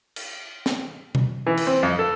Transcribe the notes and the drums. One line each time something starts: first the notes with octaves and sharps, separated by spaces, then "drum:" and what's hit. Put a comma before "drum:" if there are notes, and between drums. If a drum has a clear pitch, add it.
drum: cymbal
drum: snare
drum: tom B2
E3
drum: cymbal
C4
F2
A4